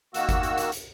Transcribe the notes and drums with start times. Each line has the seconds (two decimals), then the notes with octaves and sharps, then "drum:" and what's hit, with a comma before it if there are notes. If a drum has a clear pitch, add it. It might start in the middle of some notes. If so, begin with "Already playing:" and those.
0.14 D#3 A#3 F#4 E6, drum: hi-hat
0.29 drum: kick G1, hi-hat
0.43 drum: hi-hat
0.58 drum: hi-hat
0.72 drum: hi-hat